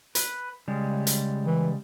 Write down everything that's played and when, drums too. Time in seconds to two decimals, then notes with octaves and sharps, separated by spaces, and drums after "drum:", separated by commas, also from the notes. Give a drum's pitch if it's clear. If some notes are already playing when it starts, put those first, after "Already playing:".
0.15 B4, drum: hi-hat
0.68 C#3 G3 G#3
1.07 drum: hi-hat
1.47 E3